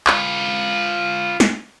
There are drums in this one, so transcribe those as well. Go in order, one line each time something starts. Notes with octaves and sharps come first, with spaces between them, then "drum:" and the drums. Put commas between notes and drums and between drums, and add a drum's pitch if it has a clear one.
F4 B4, drum: clap
drum: snare